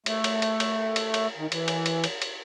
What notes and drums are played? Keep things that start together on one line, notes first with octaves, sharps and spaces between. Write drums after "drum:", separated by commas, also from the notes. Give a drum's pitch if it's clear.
A3, drum: cymbal
drum: cymbal
drum: cymbal
drum: cymbal
drum: cymbal
drum: cymbal
D#3
E3, drum: cymbal
drum: cymbal
drum: cymbal
drum: cymbal
drum: cymbal